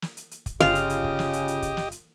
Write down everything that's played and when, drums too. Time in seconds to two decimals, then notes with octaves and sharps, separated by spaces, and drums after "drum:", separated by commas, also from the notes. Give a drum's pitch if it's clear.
0.02 drum: snare
0.17 drum: hi-hat
0.31 drum: hi-hat
0.46 drum: kick, hi-hat
0.60 G1 C#3 F4 G4 D#5 F5, drum: snare
0.75 drum: hi-hat
0.90 drum: hi-hat
1.04 drum: kick
1.19 drum: snare
1.33 drum: hi-hat
1.48 drum: hi-hat
1.62 drum: kick, hi-hat
1.77 drum: snare
1.91 drum: hi-hat